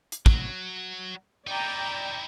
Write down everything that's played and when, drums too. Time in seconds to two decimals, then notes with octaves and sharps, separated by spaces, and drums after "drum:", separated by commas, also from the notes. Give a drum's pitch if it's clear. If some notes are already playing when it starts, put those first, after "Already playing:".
0.12 drum: hi-hat
0.26 F#3, drum: kick
1.47 D#4 E4 D5 G5 A#5